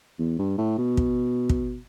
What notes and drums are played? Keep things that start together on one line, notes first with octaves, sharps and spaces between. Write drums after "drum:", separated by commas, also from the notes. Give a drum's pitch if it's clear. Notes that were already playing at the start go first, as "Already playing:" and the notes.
E2
G2
A2
B2
drum: kick
drum: kick